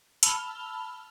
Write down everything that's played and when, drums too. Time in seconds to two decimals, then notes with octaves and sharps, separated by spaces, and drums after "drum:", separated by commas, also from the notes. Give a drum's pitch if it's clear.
0.23 A5 B5 E6 F6 F7 G7, drum: hi-hat